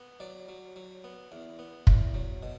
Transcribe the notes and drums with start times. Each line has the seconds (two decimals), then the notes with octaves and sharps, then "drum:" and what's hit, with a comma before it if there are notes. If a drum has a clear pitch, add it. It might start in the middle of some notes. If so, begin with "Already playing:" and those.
Already playing: B3
0.20 F#3 D5
0.49 F#3
0.76 F#3
1.04 B3
1.32 E2
1.59 B3
1.87 E2, drum: kick
2.14 F#3
2.43 B2